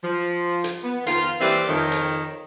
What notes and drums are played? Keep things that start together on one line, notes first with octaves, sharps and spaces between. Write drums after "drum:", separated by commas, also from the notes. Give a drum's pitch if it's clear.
F3
drum: hi-hat
B3
F2 D#3 B3 F4, drum: hi-hat
E3 G3 A#3 C4 B4 E5
F2 D#3 C#5
drum: hi-hat